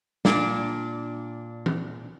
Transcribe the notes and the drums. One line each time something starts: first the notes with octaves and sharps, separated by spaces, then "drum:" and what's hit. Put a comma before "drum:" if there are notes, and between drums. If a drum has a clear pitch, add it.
A#2 D4, drum: snare
drum: tom E3